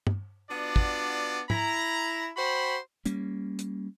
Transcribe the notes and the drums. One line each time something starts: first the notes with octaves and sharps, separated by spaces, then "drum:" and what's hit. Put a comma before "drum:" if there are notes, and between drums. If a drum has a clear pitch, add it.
drum: tom G2
B3 D4 F4 F#4 D5
drum: kick
E4 A#5, drum: tom G#2
F#4 C5 G5 B5
G3 A#3 C#4, drum: hi-hat
drum: hi-hat